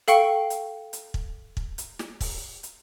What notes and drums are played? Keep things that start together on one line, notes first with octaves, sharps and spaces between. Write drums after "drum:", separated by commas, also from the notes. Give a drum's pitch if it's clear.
A4 F5 G5 C#6 C#7, drum: hi-hat
drum: hi-hat
drum: hi-hat
drum: kick
drum: kick
drum: hi-hat
drum: snare
drum: kick, open hi-hat
drum: hi-hat